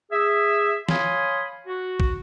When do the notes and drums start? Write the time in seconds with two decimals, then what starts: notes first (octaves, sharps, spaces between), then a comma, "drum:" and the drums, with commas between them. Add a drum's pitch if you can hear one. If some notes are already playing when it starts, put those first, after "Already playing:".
0.11 G#4 E5
0.89 C#5 F5 G#5 B5 C6 D#6, drum: snare
1.67 F#4
2.00 drum: kick